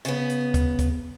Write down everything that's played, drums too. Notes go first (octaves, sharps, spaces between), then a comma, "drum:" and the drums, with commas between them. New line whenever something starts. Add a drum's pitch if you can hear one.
C#3 B3, drum: hi-hat
drum: hi-hat
drum: kick, hi-hat
drum: kick, hi-hat